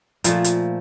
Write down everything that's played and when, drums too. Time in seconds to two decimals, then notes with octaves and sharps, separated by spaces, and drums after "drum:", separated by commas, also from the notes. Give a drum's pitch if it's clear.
0.24 A#2 F3 A3, drum: hi-hat
0.44 drum: hi-hat